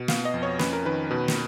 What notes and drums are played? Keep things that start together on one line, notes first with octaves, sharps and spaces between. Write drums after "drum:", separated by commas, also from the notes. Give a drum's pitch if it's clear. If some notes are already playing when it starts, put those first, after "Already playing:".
Already playing: B2
B3 F5, drum: snare
D#5
F2
C#5
C#4 B4, drum: snare
A#4
D#3 B4
B2
drum: snare